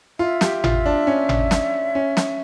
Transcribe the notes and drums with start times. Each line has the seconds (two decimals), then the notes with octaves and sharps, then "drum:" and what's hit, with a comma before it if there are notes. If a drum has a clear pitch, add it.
0.19 F4 E5
0.41 G4, drum: snare
0.64 F4, drum: tom G#1
0.86 D4
1.07 C#4
1.29 drum: tom G#1
1.51 drum: snare
1.95 C#4
2.17 drum: snare